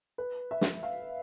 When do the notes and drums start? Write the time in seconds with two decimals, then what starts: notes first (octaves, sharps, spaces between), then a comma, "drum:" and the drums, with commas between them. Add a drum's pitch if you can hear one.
0.18 B4
0.51 E5
0.61 drum: snare
0.83 F5